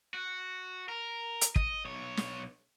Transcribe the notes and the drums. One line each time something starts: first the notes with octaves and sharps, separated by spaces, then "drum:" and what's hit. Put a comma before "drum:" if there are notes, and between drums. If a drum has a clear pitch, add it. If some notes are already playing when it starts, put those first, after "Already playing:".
F#4
A#4
drum: hi-hat
D#5, drum: kick
B1 C#5
drum: snare